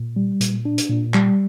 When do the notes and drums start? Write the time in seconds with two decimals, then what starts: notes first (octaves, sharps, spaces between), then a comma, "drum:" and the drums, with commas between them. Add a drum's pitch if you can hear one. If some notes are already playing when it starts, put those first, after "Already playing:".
Already playing: A#2
0.16 G3
0.41 A#2, drum: hi-hat
0.65 D4
0.78 drum: hi-hat
0.90 A#2
1.14 G3, drum: clap